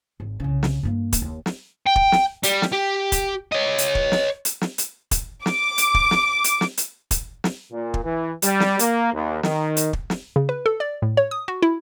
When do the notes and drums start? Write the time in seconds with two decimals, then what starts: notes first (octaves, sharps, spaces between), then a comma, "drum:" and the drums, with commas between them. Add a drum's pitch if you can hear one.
0.20 G#1
0.40 C2 C#3
0.63 drum: snare
0.83 G2 A#3
1.13 drum: kick, hi-hat
1.22 D#2
1.46 drum: snare
1.86 G5
1.96 drum: kick
2.12 drum: snare
2.43 G3, drum: hi-hat
2.62 drum: snare
2.72 G4
3.12 drum: kick, hi-hat
3.52 C#5 D#5
3.78 drum: hi-hat
3.95 drum: kick
4.12 drum: snare
4.45 drum: hi-hat
4.61 drum: snare
4.78 drum: hi-hat
5.11 drum: kick, hi-hat
5.46 D6, drum: snare
5.78 drum: hi-hat
5.94 drum: kick
6.11 drum: snare
6.44 drum: hi-hat
6.61 drum: snare
6.77 drum: hi-hat
7.11 drum: kick, hi-hat
7.44 drum: snare
7.72 A#2
7.94 drum: kick
8.04 E3
8.42 G3, drum: hi-hat
8.60 drum: snare
8.79 A#3, drum: hi-hat
9.13 D#2
9.43 D#3, drum: snare
9.77 drum: hi-hat
9.93 drum: kick
10.10 drum: snare
10.36 C#3
10.49 B4
10.66 A4
10.80 D5
11.02 A2
11.17 C#5
11.31 D#6
11.48 F#4
11.62 E4